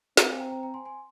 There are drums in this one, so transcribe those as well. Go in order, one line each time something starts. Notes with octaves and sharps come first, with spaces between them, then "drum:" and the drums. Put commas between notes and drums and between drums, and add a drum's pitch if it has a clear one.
C4 C5 E5, drum: snare
F5 G#5
G5 A#5
G5 A#5
G5 A#5
G#5 C6
G#5 C6